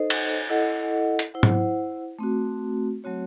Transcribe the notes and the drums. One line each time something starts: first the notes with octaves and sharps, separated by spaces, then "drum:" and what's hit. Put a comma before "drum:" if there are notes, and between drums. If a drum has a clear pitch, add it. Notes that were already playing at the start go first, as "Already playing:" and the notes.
Already playing: D#4 A4 C5 D#5
drum: cymbal
E4 A4 D#5 F#5
drum: hi-hat
E4 C5 F#5
drum: tom G#2
A3 C4 F#4
F#3 A3 C4 F#4 C#5